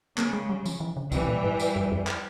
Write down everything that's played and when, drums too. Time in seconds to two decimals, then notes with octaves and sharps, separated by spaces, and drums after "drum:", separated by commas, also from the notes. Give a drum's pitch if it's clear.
0.18 C#3 A#3, drum: clap
0.33 G#3
0.49 G3
0.66 F3, drum: tambourine
0.80 E3
0.97 C#3
1.12 C3 E3 G3, drum: kick C#2, tambourine
1.29 A#2
1.44 G#2
1.60 drum: tambourine
1.76 G2
1.92 F2
2.07 drum: clap